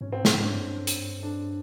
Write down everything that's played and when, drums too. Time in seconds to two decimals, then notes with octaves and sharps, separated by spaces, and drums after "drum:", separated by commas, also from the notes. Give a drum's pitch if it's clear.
0.01 G#2 C#4
0.12 C4
0.25 G#2 C#4, drum: snare
0.42 D4
0.55 G2
0.87 drum: hi-hat
1.23 D4